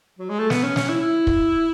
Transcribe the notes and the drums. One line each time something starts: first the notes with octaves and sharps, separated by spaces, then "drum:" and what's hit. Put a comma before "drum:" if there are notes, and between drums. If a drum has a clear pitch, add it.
F#3
G#3
A3
B3, drum: snare
C#4
C#4, drum: snare
E4
E4
drum: kick